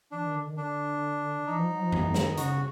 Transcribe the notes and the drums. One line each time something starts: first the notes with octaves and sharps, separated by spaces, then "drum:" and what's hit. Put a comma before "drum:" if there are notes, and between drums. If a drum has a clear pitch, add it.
E3 D4
D#3
D3
D#3
D3 D4
E3 D#4
F3
F#3
F3
E3, drum: tom F#2
D#3, drum: snare
C#3 F#4, drum: hi-hat